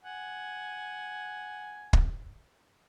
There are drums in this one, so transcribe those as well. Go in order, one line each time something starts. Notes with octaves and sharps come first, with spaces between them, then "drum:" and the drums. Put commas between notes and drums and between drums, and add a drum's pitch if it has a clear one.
F#5 G#5
drum: kick